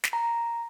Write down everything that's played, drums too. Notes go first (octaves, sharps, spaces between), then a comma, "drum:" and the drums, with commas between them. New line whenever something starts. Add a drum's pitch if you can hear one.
drum: snare
A#5